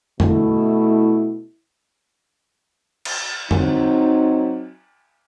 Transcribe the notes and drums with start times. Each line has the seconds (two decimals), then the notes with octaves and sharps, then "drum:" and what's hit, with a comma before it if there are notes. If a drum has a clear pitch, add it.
0.20 B2 A3 E4, drum: tom F2
3.05 drum: cymbal
3.51 F#3 C4 D#4, drum: tom F2